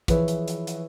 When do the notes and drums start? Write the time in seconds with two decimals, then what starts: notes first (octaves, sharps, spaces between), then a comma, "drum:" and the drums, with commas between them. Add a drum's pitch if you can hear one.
0.08 E3 F3 G#4 B4 C#5 E5, drum: kick, hi-hat
0.28 drum: hi-hat
0.48 drum: hi-hat
0.67 drum: hi-hat